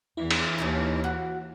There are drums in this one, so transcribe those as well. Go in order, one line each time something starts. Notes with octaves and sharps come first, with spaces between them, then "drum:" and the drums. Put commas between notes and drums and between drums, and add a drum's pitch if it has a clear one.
E2 E3 E4
drum: cymbal
D#2 C#4 D#4 A5
F#4